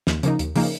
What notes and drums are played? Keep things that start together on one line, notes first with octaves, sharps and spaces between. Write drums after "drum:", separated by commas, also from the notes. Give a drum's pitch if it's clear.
D#2, drum: snare
C#3 F3 A#3 D#4, drum: hi-hat
D#2, drum: hi-hat
C#3 F3 A#3 D#4, drum: open hi-hat